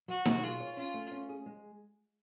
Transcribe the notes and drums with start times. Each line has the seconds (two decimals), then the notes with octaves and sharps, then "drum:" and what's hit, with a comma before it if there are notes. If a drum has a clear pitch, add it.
0.08 F#3 F#4
0.25 B2, drum: snare D#4
0.43 F4 G#4
0.60 C#5
0.77 C#4 F4
0.94 A3
1.11 C#4
1.29 G#4
1.46 G#3